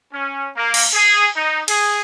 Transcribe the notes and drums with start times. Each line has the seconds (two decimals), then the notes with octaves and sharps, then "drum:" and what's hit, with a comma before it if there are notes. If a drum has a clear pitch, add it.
0.13 C#4
0.56 A#3
0.74 drum: cymbal
0.94 G#4
1.36 D#4
1.68 G#4, drum: cymbal